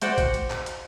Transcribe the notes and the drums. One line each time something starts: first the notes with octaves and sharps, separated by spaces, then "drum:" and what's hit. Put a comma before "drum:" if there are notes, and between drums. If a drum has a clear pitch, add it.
F#4 C5 D5 F#5 G5, drum: hi-hat
drum: kick A#1, hi-hat
drum: hi-hat
drum: clap
drum: hi-hat